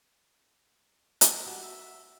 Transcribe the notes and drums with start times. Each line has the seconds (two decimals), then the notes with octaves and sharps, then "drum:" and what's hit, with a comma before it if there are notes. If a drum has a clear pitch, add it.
1.21 drum: hi-hat
1.46 F#4 G4
1.63 E5